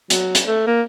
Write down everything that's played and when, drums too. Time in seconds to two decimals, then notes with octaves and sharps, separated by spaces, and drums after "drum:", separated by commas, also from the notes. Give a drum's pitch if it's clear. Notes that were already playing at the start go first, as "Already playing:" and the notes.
0.10 F#3, drum: hi-hat
0.35 drum: hi-hat
0.47 A3
0.67 A#3